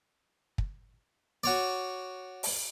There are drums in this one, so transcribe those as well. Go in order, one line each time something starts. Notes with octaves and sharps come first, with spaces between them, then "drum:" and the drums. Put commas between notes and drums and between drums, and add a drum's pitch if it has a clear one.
drum: kick
F#4 C#5 D5
drum: open hi-hat